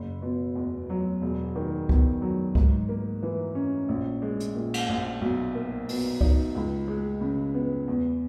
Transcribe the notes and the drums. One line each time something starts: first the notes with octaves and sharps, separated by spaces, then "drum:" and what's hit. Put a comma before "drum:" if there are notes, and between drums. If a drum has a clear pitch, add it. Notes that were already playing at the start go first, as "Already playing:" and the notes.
Already playing: F#1
B2
E2
F#3
E1
D#3
E2, drum: kick C#2
F#3
G#2, drum: kick C#2
A#3
E3
C#4
A#1
G#3
drum: hi-hat
A#2
drum: cymbal
A#1
B1
A#3
B2, drum: open hi-hat
D#4, drum: kick C#2
C#2
G#3
C#3
B3
E2